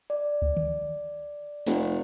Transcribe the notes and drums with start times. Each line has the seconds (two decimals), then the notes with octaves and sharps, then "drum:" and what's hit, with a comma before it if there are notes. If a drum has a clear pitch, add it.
0.10 D5
0.42 drum: kick C#2
0.56 drum: tom D3
1.67 F1, drum: snare